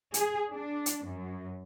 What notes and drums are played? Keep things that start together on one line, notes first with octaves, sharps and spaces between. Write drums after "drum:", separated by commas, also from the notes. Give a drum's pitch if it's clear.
G#4, drum: hi-hat
D4
drum: hi-hat
F#2